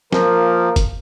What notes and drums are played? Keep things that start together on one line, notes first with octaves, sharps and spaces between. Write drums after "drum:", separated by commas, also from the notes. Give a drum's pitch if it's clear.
F3 A#3 F4 A#4, drum: snare
drum: kick G1, hi-hat